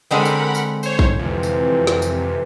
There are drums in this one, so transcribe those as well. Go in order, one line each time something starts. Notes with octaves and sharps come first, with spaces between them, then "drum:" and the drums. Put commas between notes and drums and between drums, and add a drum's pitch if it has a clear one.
D3 G#3 C4 A#4 F#5 B5
drum: tambourine
drum: tambourine
C5 C#5, drum: tambourine
drum: kick A#1
F2 C3 E3
drum: tambourine
drum: snare
drum: tambourine